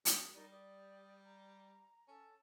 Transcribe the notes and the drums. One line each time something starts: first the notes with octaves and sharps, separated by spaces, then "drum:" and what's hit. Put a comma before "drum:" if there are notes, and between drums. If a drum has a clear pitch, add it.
F#2 D#6, drum: hi-hat
G3 D#4 A#4 D5
G4 D5 D#6
A#5
C#4 A4 A5